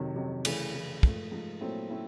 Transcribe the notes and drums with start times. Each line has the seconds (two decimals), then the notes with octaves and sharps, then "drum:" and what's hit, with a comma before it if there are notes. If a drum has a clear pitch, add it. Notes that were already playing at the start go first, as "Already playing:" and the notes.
Already playing: F2 C3 D#3 F#3
0.16 F2 C3 D#3 F#3
0.45 C#3 E3 A3, drum: cymbal
0.74 C#3 E3 A3
1.03 G#2 F3 A3, drum: kick
1.32 G#2 F3 A3
1.61 A#2 F#3 A3 C4 E4
1.90 A3 C4 E4